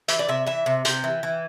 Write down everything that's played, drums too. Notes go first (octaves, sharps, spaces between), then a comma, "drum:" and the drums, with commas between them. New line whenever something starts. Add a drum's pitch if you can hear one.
E3 E5, drum: hi-hat
D5
C3 E5
E3 E5
C3
C3 G5, drum: hi-hat
E3
E3